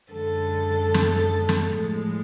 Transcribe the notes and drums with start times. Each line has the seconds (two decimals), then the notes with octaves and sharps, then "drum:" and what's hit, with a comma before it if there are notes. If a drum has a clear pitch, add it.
0.12 F#2 D3 G#3 A4
0.94 drum: snare
1.49 drum: snare
1.75 A2 F3 G#3